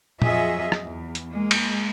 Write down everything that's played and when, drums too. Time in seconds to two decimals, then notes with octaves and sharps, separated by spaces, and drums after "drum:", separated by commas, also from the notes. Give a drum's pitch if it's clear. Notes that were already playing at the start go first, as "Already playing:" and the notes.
0.22 F2 F#3 F4 G#4 D#5 E5, drum: tom A#2
0.72 drum: rim click
0.83 E2
1.15 drum: hi-hat
1.32 G#3 A#3
1.51 drum: cymbal